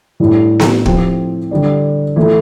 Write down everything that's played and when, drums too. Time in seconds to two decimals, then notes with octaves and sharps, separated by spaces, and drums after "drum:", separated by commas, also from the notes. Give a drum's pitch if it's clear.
0.20 A2 G3 D4 G4
0.59 drum: snare B3
0.86 F3 C4 G4, drum: kick
1.51 D3 G3 D4
2.16 E3 A3 E4